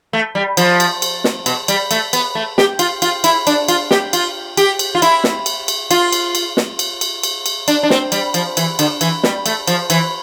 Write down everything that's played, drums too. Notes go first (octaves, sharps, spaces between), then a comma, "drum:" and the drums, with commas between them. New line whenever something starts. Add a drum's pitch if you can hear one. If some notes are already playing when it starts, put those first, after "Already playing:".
A3
G3
F3, drum: cymbal
drum: cymbal
drum: cymbal
drum: snare
B2, drum: cymbal
G3, drum: cymbal
A3, drum: cymbal
B3, drum: cymbal
A3
G4, drum: snare
F4, drum: cymbal
F4, drum: cymbal
E4, drum: cymbal
D4, drum: cymbal
F4, drum: cymbal
G4, drum: snare
F4, drum: cymbal
G4, drum: cymbal
drum: cymbal
F4
E4, drum: cymbal
drum: snare
drum: cymbal
drum: cymbal
F4, drum: cymbal
drum: cymbal
drum: cymbal
drum: snare
drum: cymbal
drum: cymbal
drum: cymbal
drum: cymbal
D4, drum: cymbal
D4
C4, drum: snare
G3, drum: cymbal
F3, drum: cymbal
E3, drum: cymbal
D3, drum: cymbal
E3, drum: cymbal
G3, drum: snare
A3, drum: cymbal
F3, drum: cymbal
E3, drum: cymbal